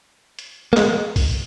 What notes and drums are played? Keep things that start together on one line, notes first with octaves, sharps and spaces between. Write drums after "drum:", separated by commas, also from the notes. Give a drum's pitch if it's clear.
drum: hi-hat
A#3
G#3, drum: clap
drum: kick B1, open hi-hat